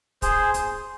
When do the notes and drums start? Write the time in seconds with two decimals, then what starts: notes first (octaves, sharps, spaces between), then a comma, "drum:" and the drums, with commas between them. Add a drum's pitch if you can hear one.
0.22 G#4 C5, drum: kick, hi-hat
0.54 drum: hi-hat